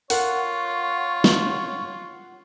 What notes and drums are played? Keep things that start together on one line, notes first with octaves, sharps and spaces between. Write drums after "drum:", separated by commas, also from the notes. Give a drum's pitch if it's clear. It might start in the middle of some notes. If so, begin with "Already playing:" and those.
F4 A#4 C#5 F#5, drum: open hi-hat
drum: snare